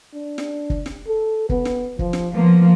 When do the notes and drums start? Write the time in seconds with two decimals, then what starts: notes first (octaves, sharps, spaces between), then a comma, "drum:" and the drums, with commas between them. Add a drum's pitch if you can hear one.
0.14 D4
0.38 drum: snare
0.70 drum: kick
0.86 drum: snare
1.08 A4
1.49 B3, drum: kick
1.65 drum: snare
1.99 F3, drum: kick
2.13 drum: snare
2.35 F3 A#3 B3